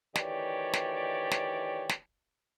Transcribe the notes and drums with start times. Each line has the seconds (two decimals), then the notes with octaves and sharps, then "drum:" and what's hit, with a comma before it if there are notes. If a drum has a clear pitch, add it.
0.15 D2 D#3 E3 G4 C#5 D5, drum: snare
0.73 drum: snare
1.31 drum: snare
1.89 drum: snare